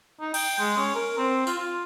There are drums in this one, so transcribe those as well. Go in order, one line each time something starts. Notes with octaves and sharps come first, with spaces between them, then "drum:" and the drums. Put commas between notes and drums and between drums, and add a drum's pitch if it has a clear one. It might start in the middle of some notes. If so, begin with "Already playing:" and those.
D#4
G5, drum: cymbal
G#3
C#4
A#4
C4
F4, drum: tambourine
F4